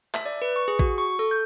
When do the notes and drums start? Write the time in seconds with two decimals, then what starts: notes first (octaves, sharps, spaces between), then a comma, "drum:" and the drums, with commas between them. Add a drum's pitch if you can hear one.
0.14 E5, drum: clap
0.26 D5
0.42 B4
0.56 C#6
0.68 G#4
0.79 F#4, drum: kick A1
0.98 C#6
1.19 A4
1.31 G6